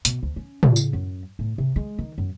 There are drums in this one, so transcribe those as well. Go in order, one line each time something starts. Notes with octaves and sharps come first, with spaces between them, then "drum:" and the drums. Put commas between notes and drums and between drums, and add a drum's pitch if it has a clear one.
B2, drum: hi-hat
D2
C#4
C#3, drum: tom
drum: tambourine
F#2
A2
C3
G#3
D#3
F#2